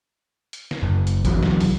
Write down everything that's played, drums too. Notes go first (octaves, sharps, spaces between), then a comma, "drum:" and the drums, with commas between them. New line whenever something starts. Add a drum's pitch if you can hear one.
drum: hi-hat
drum: snare
F#1
drum: hi-hat
C2 E3 F#3, drum: kick G1, hi-hat
drum: snare
drum: open hi-hat